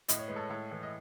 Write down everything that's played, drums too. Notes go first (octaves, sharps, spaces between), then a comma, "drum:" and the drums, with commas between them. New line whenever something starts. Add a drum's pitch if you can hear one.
A2 D#5, drum: hi-hat
C#5
G#3 B4
A4 C#5
A2 A4 C#5
E3
D#5